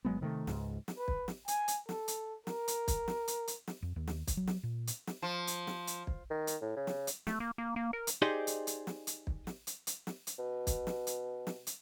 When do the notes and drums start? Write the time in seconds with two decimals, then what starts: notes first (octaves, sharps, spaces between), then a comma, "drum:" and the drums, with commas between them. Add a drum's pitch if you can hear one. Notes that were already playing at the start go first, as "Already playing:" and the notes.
0.05 G1 F#3 G#3 B3
0.21 C3 D#3 G#3 A3
0.47 C#2 G#2, drum: snare
0.88 drum: snare
0.98 B4
1.08 drum: kick
1.28 drum: snare
1.48 G#5, drum: hi-hat
1.68 drum: hi-hat
1.89 A4, drum: snare
2.08 drum: hi-hat
2.47 A#4, drum: snare
2.68 drum: hi-hat
2.88 drum: kick, hi-hat
3.08 drum: snare
3.28 drum: hi-hat
3.48 drum: hi-hat
3.67 drum: snare
3.82 F2
3.96 D#2
4.07 drum: snare
4.27 drum: kick, hi-hat
4.37 F#3
4.47 drum: snare
4.63 A#2
4.87 drum: hi-hat
5.07 drum: snare
5.22 F3
5.47 drum: hi-hat
5.67 drum: snare
5.87 drum: hi-hat
6.07 drum: kick
6.30 D#3
6.47 drum: hi-hat
6.62 A2
6.76 C#3
6.87 drum: snare
7.07 drum: hi-hat
7.27 A3, drum: snare
7.40 A#3
7.58 A#3
7.76 A#3
7.93 A#4
8.07 drum: hi-hat
8.22 D#4 G4 G#4 C5 D5 D#5
8.47 drum: hi-hat
8.67 drum: hi-hat
8.87 drum: snare
9.07 drum: hi-hat
9.27 drum: kick
9.47 drum: snare
9.67 drum: hi-hat
9.87 drum: hi-hat
10.07 drum: snare
10.27 drum: hi-hat
10.39 B2
10.67 drum: kick, hi-hat
10.87 drum: snare
11.07 drum: hi-hat
11.47 drum: snare
11.67 drum: hi-hat